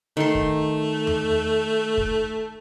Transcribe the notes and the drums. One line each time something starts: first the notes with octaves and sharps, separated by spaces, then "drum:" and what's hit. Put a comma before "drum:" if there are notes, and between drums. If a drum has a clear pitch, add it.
D#3 A3 C6
drum: kick
drum: tom E2
drum: kick